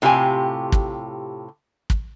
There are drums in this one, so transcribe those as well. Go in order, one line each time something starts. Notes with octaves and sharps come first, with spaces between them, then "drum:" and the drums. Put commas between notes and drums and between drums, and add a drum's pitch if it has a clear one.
A2 C3 F4 G4 G#5
drum: kick
drum: kick